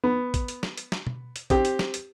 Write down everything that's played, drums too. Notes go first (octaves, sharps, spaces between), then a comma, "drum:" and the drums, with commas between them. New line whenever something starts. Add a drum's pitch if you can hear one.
B3
drum: kick A1, hi-hat
drum: hi-hat
drum: snare
drum: hi-hat
drum: snare
drum: tom B2
drum: hi-hat
C4 G4, drum: kick A1, hi-hat
drum: hi-hat
drum: snare
drum: hi-hat